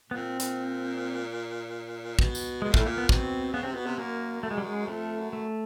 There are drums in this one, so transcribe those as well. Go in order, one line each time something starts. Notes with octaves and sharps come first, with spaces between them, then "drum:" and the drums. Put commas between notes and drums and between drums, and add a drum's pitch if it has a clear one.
A#2 B3
C4
A#2, drum: hi-hat
B2, drum: kick
drum: tambourine
B2 G#3
A#2
A2 A3, drum: kick
A#2 A#3
B3
B2 C4, drum: kick
C#3 B3
C3 C4
B2 B3
C3
F#2 A#3
A3
G#3
G3
G#3
F2 A3
F#2
A3